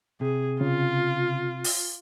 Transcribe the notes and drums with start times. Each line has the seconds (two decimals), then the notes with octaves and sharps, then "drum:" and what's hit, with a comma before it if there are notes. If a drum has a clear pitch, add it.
0.21 C3 G#4
0.61 C#3 F4
1.64 drum: open hi-hat